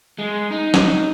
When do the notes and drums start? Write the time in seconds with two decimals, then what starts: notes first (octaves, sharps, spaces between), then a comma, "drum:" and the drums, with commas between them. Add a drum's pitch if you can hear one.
0.19 G#3
0.50 D#4
0.74 drum: snare